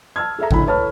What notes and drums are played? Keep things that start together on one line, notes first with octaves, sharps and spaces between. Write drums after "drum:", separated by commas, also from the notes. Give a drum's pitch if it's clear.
A5 E6 F6 G#6
G#4 A4 E5 A#5
A1 D2 A2 B5, drum: kick G#1
A4 B4 C#5 A5 B5 F6